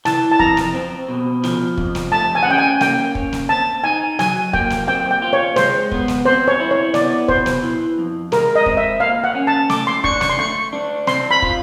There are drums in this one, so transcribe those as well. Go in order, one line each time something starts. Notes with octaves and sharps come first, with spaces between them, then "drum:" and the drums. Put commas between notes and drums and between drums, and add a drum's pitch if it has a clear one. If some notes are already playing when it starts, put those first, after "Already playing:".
E3 A5, drum: snare
A5
F2 A#5, drum: kick
drum: snare
C4
B2
F3, drum: snare
F2, drum: kick
drum: snare
A3 A5
G#5
F#5
C#4 G5
G#5
A#3 G5, drum: snare
C#4, drum: kick
drum: snare
C4 A5
D#4 G#5
F#3 G#5, drum: snare
A#3 G5, drum: kick
drum: snare
C4 G5
G5
F4
C#5
G#3 C5, drum: snare
B3, drum: kick
drum: snare
C4 C5
C#5
E4
C#5
B3 D5, drum: snare
B2 C5, drum: kick
drum: snare
E3
F2
G#3 A#4, drum: snare
D#5
C4, drum: kick
E5
A#3 F5
F#5
C#4
A5
A3 D6, drum: snare
C6
D4 C#6, drum: kick
C#6, drum: snare
C6
A3 C#6
D4
C4 C6, drum: snare
B5
F4, drum: kick